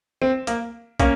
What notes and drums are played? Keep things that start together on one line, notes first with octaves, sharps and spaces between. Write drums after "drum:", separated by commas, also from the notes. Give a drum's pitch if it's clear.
C4, drum: tom
A#3, drum: hi-hat
A#3 C#4, drum: kick, hi-hat